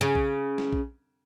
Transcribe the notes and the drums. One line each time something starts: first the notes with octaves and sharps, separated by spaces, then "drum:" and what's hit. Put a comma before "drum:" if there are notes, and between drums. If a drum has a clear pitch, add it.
C#3
drum: kick A#1
drum: snare
drum: kick A#1